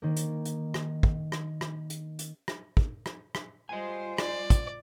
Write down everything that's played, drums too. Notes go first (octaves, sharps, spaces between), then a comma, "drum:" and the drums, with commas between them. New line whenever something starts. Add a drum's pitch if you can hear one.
D#3 A#3
drum: hi-hat
drum: hi-hat
drum: rim click
drum: kick
drum: rim click
drum: rim click
drum: hi-hat
drum: hi-hat
drum: rim click
drum: kick
drum: rim click
drum: rim click
G3 F4 C5 D#5 G#5
D5, drum: rim click
drum: kick, hi-hat